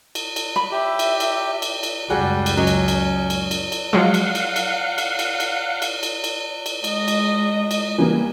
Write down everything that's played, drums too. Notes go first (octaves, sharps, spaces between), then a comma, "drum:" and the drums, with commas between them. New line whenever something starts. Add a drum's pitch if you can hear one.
drum: cymbal
drum: cymbal
B5
G4 E5
drum: cymbal
drum: cymbal
drum: cymbal
drum: cymbal
C#2 F#2 G3 F#4 G#4 F#6
drum: cymbal
F#3 C#4 D#5
drum: cymbal
drum: cymbal
drum: cymbal
drum: cymbal
drum: cymbal
F3 F#3 G#3 F5 F#5
drum: cymbal
drum: cymbal
drum: cymbal
drum: cymbal
drum: cymbal
drum: cymbal
drum: cymbal
drum: cymbal
drum: cymbal
drum: cymbal
G#3 D#5, drum: cymbal
drum: cymbal
drum: cymbal
E3 G3 A#3